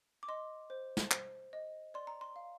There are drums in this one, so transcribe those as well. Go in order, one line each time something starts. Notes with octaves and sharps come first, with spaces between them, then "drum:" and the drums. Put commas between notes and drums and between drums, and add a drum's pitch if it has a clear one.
D6
D#5 C6
C5
drum: snare
C5, drum: clap
D#5
D5 C6
A#5
C6
F5